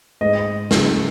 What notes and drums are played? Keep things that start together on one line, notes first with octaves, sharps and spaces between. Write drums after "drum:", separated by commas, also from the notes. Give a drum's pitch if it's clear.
G#2 G#3 D#5
C#2 C#3 F#3, drum: snare